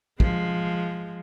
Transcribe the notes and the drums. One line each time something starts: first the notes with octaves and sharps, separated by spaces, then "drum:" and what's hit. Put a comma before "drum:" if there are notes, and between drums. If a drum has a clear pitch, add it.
F3 G#3, drum: kick